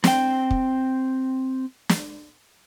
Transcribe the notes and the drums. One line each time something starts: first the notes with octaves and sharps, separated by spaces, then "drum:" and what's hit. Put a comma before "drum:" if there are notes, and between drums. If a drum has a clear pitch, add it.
C4 G5, drum: snare
drum: kick
drum: snare